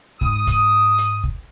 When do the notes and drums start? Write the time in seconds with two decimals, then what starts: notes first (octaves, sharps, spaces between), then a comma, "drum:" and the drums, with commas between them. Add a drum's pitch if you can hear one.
0.21 G#2 D#6, drum: kick
0.47 drum: kick, hi-hat
0.98 drum: hi-hat
1.24 drum: kick